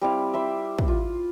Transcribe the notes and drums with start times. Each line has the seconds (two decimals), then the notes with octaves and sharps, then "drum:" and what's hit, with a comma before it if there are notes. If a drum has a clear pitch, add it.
0.01 G3 C4 E4 F5
0.33 E5 B5 C6 D6
0.79 drum: kick
0.88 F4